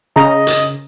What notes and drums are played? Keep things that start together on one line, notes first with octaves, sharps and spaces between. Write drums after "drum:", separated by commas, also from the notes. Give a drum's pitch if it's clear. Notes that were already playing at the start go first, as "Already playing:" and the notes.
C#3 D#5 A#5
drum: hi-hat